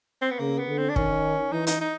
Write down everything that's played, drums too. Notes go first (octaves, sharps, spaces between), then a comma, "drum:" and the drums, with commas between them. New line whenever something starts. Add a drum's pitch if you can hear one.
C4
B3
C#3 A#3
B3
D3
C4
D4
D#3 C#4, drum: kick
E3 D#4
D#4, drum: hi-hat
D#4